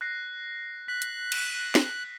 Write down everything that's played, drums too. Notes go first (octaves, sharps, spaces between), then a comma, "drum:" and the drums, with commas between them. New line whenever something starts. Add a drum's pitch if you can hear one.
F#6 A#6 C7
F#6 B6
drum: hi-hat
drum: cymbal
drum: snare